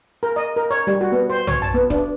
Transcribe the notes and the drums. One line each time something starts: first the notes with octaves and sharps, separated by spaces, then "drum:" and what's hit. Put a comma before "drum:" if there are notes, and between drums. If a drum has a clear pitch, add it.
A#4
D#5
A#4
C#5
G3
F#4
B3
C5
C#5, drum: tom
A5
B3
D4, drum: kick